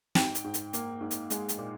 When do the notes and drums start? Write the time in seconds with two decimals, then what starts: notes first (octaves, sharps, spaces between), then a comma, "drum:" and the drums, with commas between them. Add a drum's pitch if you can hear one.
0.15 G#2 G5, drum: snare
0.35 drum: hi-hat
0.44 G#2
0.54 drum: hi-hat
0.73 A#3, drum: hi-hat
1.01 G#2
1.11 drum: hi-hat
1.30 G#3, drum: hi-hat
1.49 drum: hi-hat
1.58 A#2